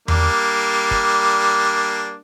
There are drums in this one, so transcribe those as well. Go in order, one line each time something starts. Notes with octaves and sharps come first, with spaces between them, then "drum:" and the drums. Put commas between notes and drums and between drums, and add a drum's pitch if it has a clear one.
G3 A#3 D4, drum: tom E2
drum: kick